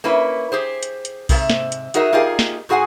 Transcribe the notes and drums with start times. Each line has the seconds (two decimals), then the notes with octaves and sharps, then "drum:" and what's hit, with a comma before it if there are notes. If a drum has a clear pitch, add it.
0.04 A#3 C#4 E4 B4
0.52 G4 G#4 C5
0.83 drum: hi-hat
1.05 drum: hi-hat
1.29 G#2 C3 A4 E5, drum: kick B1, open hi-hat
1.50 drum: snare
1.72 drum: hi-hat
1.94 D#4 F#4 G#4 A#4 D#5 E5, drum: hi-hat
2.13 D#4 F4 G4 G#4 A#4 D#5
2.39 drum: snare
2.69 G#2 F#4 G#4 F#5 G#5